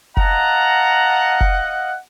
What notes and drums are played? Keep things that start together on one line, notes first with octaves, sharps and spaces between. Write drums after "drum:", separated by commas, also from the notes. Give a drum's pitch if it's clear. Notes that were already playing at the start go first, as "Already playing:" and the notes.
D#5 F5 F#5 A5 A#5, drum: kick F1
drum: kick F1